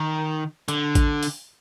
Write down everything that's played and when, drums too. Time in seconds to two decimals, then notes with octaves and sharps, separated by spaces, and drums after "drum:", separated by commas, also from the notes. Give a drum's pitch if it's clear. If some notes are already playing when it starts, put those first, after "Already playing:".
Already playing: D#3
0.68 D3, drum: hi-hat
0.95 drum: kick A1, hi-hat
1.23 drum: open hi-hat